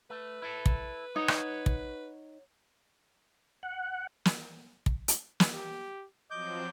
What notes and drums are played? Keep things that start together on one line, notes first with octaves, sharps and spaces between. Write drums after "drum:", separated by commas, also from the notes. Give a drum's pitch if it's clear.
A3 B4
E4 A4
drum: kick
D#4 C#5 F#5
drum: rim click
drum: kick
F#5
drum: snare
drum: kick
drum: hi-hat
drum: snare
G4
F3 F#3 C4 D#5 D6 G6